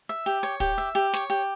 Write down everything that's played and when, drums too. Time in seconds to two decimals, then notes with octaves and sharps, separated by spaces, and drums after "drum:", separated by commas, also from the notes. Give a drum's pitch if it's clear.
0.09 E5
0.26 G4
0.43 C#5
0.60 G4, drum: kick
0.78 E5
0.95 G4
1.14 C#5, drum: snare
1.30 G4